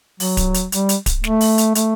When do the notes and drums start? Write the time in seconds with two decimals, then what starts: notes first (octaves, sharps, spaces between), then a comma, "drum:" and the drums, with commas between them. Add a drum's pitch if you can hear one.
0.20 F#3, drum: open hi-hat
0.37 drum: kick D1, hi-hat
0.54 drum: hi-hat
0.72 G3, drum: hi-hat
0.89 drum: hi-hat
1.06 drum: kick D1, hi-hat
1.24 A3, drum: snare
1.41 drum: open hi-hat
1.58 drum: hi-hat
1.75 A3, drum: hi-hat